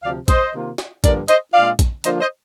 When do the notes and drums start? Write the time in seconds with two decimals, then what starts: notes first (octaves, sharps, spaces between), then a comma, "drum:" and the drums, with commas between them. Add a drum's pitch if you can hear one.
0.03 D2 C3 F3 D5 F5
0.28 C5 D#5, drum: kick A#1, hi-hat
0.53 C3 D#3 A#3 F4
0.78 drum: snare
1.04 G2 D3 F3 A#3 A#4 D5, drum: kick A#1, hi-hat
1.28 C5 D#5, drum: hi-hat
1.54 A#2 G#3 D4 F4 D5 F5
1.79 drum: kick A#1, hi-hat
2.04 D3 F3 A#3 D4 F4 C5 D#5, drum: hi-hat
2.21 C5 D#5